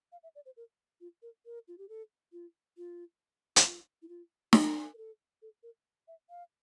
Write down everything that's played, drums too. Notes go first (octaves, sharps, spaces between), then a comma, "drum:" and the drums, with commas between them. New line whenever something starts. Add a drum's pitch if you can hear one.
F5
E5
D5
C5
A#4
F4
A#4
A#4
F4
G4
A4
F4
F4
E4, drum: hi-hat
F4
E4
F4
F4, drum: snare
A#4
A4
A4
A#4
E5
F5